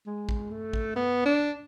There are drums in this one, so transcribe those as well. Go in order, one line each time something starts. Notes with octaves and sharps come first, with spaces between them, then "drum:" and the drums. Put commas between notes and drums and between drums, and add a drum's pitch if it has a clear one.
G#3
drum: kick G#1
A3
drum: kick G#1
B3
D4